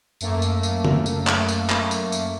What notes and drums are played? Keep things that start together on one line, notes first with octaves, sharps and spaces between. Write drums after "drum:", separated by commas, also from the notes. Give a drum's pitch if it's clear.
F#2 A3 A#3, drum: tambourine
drum: tambourine
drum: tambourine
drum: tom C#3
drum: tambourine
drum: clap
drum: tambourine
drum: clap
drum: tambourine
drum: tambourine